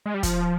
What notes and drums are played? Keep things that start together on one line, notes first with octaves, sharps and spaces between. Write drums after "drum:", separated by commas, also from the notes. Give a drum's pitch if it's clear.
G#3
G3
F3, drum: kick, hi-hat